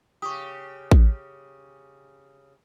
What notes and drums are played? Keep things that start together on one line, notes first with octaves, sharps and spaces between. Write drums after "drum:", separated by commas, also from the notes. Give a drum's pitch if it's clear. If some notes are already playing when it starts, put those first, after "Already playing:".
C#3 G4 C#6 D#6
drum: kick A1